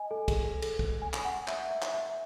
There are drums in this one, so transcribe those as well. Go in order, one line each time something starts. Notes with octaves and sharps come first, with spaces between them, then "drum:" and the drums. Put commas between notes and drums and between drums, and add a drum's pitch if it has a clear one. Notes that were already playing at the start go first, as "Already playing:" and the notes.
Already playing: D#5 G#5
A4
G#4, drum: kick, cymbal
A4
A4, drum: cymbal
drum: kick
G#5
drum: clap
F#5
E5, drum: clap
E5
drum: clap
E5